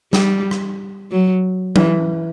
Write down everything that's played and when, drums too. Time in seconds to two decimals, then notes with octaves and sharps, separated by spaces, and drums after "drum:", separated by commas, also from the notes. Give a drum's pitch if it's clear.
0.13 G3, drum: snare
0.51 drum: rim click
1.11 F#3
1.76 E3, drum: tom F#3